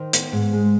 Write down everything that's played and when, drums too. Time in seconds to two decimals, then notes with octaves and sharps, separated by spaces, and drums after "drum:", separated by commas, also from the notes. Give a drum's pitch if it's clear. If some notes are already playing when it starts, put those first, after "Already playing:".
Already playing: D#3 C5
0.13 B3, drum: hi-hat
0.32 G#2
0.53 G#3